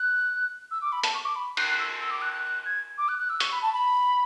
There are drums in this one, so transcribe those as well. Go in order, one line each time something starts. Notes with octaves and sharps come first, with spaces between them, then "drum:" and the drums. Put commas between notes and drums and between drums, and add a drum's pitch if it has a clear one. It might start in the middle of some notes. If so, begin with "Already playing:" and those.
Already playing: F#6
E6
D6
B5
A5, drum: hi-hat
C#6
D6
B5
F#6, drum: cymbal
F#6
E6
E6
D6
F#6
F#6
F#6
G#6
D6
F#6
F#6
E6
C#6, drum: hi-hat
B5
A5
B5